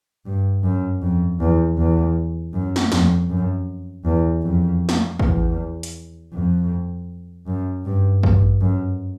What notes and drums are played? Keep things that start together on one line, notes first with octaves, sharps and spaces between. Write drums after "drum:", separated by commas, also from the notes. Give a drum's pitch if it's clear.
G2
F#2
F2
E2
E2
F#2
drum: snare
F2, drum: snare
F#2
E2
F2
drum: snare
E2, drum: kick
drum: hi-hat
F2
F#2
G2
G2, drum: kick
F#2